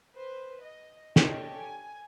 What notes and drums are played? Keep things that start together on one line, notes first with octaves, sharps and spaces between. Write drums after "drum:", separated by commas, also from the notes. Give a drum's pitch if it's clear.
B4 C5
D#5
D4 G4 A4 C#5 D#5, drum: snare
G#5